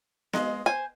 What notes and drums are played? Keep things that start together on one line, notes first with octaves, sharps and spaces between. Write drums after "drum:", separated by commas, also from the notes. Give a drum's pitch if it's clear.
G#3 D#5 F5, drum: snare B3
C5 G#5